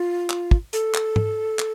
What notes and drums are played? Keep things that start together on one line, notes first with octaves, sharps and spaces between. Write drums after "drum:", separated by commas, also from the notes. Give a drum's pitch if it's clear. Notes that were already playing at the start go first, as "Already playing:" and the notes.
Already playing: F4
drum: clap
drum: kick
A4, drum: hi-hat
drum: clap
drum: tom G#2
drum: clap